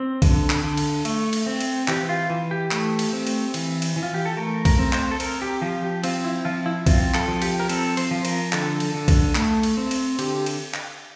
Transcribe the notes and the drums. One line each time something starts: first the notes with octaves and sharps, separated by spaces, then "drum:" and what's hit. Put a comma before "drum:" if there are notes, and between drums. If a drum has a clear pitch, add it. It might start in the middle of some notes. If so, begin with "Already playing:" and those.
Already playing: C4
D3, drum: kick B1, cymbal
drum: clap
D3
drum: cymbal
A3, drum: cymbal
drum: cymbal
C4
drum: cymbal
E3 G4, drum: clap
F4
E3
G4
A3, drum: clap
drum: cymbal
C4
drum: cymbal
E3, drum: cymbal
drum: cymbal
E3
F4
G4
A4
A3 A#4
A#4, drum: kick B1, cymbal
C4
C5, drum: clap
A4
C4 A#4, drum: cymbal
G4
F3 G4
G4
C4 F4, drum: cymbal
E4
F3 F4
E4
C4 F4, drum: kick B1, cymbal
A4, drum: clap
F3
G4, drum: cymbal
A#4
C4 A4, drum: cymbal
C5, drum: cymbal
F3
A#4, drum: cymbal
D3 A4, drum: clap
drum: cymbal
D3
drum: kick B1, cymbal
A3, drum: clap
drum: cymbal
C4
drum: cymbal
D3 G4, drum: cymbal
drum: cymbal
drum: clap